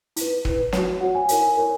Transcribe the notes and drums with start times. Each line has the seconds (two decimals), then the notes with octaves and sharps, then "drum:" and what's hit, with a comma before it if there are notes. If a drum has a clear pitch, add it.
0.16 E4 B4, drum: hi-hat
0.45 E4 B4, drum: kick
0.73 F#4 C#5, drum: snare
1.01 F#4 C#5 F#5
1.15 G#5
1.29 E4 A#4 C#5 G#5, drum: hi-hat
1.57 E4 A#4 C#5